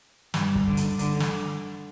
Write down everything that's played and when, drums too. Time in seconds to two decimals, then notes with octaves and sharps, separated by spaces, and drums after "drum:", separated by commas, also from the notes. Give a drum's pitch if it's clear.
0.34 G2, drum: snare
0.55 drum: kick
0.66 D3
0.77 drum: hi-hat
0.99 D3, drum: hi-hat
1.20 drum: snare